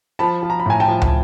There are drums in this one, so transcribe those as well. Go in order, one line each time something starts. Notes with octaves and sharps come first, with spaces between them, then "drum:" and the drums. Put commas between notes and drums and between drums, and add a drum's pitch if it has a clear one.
F3 A5 B5
F3
A#5
B5
A2 G#5 A#5
G5 A5
F3
drum: tom